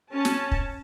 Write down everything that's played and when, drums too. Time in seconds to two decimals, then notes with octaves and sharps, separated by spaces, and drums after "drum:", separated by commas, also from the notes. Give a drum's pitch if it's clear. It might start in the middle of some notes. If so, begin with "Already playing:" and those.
0.12 C#4 A5
0.25 drum: snare
0.52 drum: kick